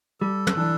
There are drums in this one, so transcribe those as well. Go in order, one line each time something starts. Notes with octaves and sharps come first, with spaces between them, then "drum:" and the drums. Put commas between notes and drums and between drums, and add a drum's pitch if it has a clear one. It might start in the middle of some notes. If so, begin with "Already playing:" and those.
G3 A4
drum: tom
E3 D4